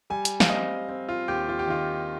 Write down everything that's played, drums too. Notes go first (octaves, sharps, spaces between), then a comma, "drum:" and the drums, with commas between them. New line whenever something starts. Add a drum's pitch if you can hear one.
G3 G#5
drum: hi-hat
F5, drum: snare
C4 D#5
C4
F4
D#2 G4
F4
G4
D#3 F4